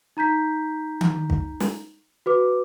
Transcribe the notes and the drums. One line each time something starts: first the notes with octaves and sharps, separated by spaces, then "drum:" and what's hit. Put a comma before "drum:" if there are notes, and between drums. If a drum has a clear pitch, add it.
D#4 A#5 G6 B6
drum: tom D#3
drum: kick
drum: snare
F#4 B4 D6